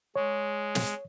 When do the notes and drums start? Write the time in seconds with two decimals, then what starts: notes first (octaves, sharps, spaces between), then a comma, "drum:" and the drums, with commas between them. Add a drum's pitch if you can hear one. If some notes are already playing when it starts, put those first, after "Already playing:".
0.16 G#3 C#5
0.75 drum: snare